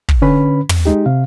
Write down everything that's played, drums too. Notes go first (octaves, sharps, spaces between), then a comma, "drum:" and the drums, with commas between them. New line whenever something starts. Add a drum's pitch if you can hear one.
drum: kick
D3 C#4 B4 B5
drum: tom
G#3 D#4 G4
C3 F5